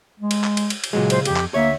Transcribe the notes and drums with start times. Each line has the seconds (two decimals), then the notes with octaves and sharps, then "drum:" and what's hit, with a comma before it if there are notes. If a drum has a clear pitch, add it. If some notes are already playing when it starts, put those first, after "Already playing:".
0.20 G#3
0.31 drum: cymbal
0.44 drum: clap
0.57 drum: cymbal
0.70 drum: cymbal
0.84 drum: cymbal
0.93 A#2 C#3 F#3 G#3
1.10 C5, drum: cymbal
1.25 B1 F2 G4, drum: cymbal
1.36 drum: clap
1.54 D2 A#3 C#5 E5